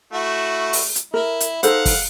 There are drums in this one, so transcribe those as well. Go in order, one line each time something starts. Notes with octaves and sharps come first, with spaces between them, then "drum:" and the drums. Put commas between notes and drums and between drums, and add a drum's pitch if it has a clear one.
A3 E4 F#4
drum: open hi-hat
drum: hi-hat
E4 A#4
drum: hi-hat
D#4 A4 C5 F5 F#5, drum: hi-hat
drum: kick, open hi-hat